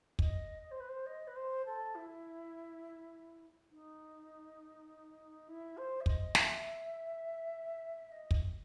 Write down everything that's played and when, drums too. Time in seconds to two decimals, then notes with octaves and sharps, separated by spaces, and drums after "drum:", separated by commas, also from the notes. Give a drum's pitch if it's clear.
0.19 D#5, drum: kick
0.62 D#5
0.71 C5
0.80 B4
0.88 C5
1.06 D#5
1.27 B4
1.35 C5
1.65 A4
1.95 E4
3.71 D#4
5.48 E4
5.77 C5
6.00 E5
6.06 D#5, drum: kick
6.35 E5, drum: snare
8.11 D#5
8.31 drum: kick